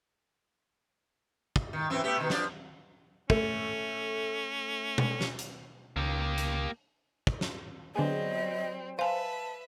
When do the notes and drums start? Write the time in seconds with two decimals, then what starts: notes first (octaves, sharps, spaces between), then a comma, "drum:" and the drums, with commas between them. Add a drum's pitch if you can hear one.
1.56 drum: kick
1.73 D#3
1.90 F#2 E3 C4
2.04 A3 B3 G4
2.17 B2 D#3
2.30 F3 D4 D5, drum: snare
3.30 A3 C#4, drum: kick
4.98 drum: tom B2
5.21 drum: snare
5.39 drum: hi-hat
5.96 C#2 A#3 G4
6.38 drum: hi-hat
7.27 drum: kick
7.41 drum: snare
7.95 D3 F#3 G3 B3 C4 G#4 D#5
8.99 B4 C5 E5 F5 G#5 A5